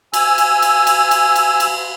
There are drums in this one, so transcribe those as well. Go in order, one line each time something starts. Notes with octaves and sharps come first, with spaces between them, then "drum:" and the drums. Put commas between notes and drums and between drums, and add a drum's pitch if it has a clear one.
G#5 E6, drum: cymbal
drum: cymbal
drum: cymbal
drum: cymbal
drum: cymbal
drum: cymbal
drum: cymbal